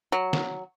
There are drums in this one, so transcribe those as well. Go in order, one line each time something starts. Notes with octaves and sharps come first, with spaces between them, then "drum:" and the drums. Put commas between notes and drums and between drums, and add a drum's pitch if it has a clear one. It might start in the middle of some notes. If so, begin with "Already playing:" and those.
F#3
drum: snare